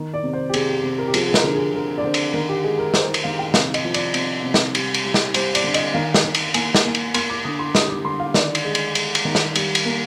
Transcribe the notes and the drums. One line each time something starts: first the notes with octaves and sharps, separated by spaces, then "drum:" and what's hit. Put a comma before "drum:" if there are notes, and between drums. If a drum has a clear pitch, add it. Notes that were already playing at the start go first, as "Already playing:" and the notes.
Already playing: D#3
D5
C3
C5
G4
C3 G#4, drum: cymbal
G4
C3
A#4
G4
F3 G#4, drum: cymbal
G#4
A#4, drum: snare
D3
G#4
D3 A#4
D5
D3 C5
drum: cymbal
D#3 A#4
G4
G#3 G#4
A#4
G#3 C5, drum: snare
drum: cymbal
D#3 F5
G5
C3 F5, drum: snare
D#5, drum: cymbal
F3
D5, drum: cymbal
C3, drum: cymbal
C3
drum: snare
G3, drum: cymbal
drum: cymbal
G3
drum: snare
G3 C5, drum: cymbal
D5, drum: cymbal
D3
D#5, drum: cymbal
D#3 F5
drum: snare
D#3
drum: cymbal
A#3 G#5, drum: cymbal
drum: snare
A#3
drum: cymbal
A#3 C6, drum: cymbal
D6
D3 D#6
C6
G3 D#6, drum: snare
D6
D3 C6
F5
D#3 D5, drum: snare
drum: cymbal
G#3
drum: cymbal
G#3, drum: cymbal
drum: cymbal
D#3
drum: snare
G3, drum: cymbal
drum: cymbal
A#3